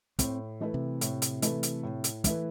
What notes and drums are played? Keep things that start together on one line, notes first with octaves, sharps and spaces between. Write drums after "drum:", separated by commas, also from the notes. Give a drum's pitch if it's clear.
A2 C4, drum: kick, hi-hat
E3 A3 E4 B4
C3
A2, drum: hi-hat
drum: hi-hat
E3 A3 E4 B4, drum: hi-hat
drum: hi-hat
A2
drum: hi-hat
E3 A3 E4 B4, drum: kick, hi-hat